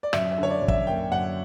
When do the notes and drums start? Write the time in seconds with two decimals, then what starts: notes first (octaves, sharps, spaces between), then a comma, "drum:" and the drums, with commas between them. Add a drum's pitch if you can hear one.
0.03 D5
0.13 F#2 E5, drum: rim click
0.32 E5
0.38 D3
0.43 C#5
0.50 D5
0.62 F#2
0.68 E5, drum: kick
0.87 A#3 G5
1.12 F#2 F#5